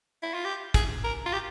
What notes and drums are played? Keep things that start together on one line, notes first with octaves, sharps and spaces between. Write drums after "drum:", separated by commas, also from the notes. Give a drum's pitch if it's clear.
E4
F4
G4
G#4, drum: kick, hi-hat
A#4
F4
G4